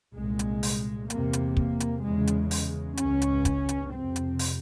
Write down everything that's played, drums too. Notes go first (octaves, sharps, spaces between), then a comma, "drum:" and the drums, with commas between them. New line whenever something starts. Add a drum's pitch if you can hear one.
C2 A#2 G#3
drum: hi-hat
drum: open hi-hat
E2 C3 A#3, drum: hi-hat
drum: hi-hat
A#3, drum: kick
drum: hi-hat
E2 C#3 G#3
drum: hi-hat
G#3, drum: open hi-hat
C#2 C#3 C#4, drum: hi-hat
drum: hi-hat
drum: kick, hi-hat
drum: hi-hat
F2 C3 C4
drum: hi-hat
drum: open hi-hat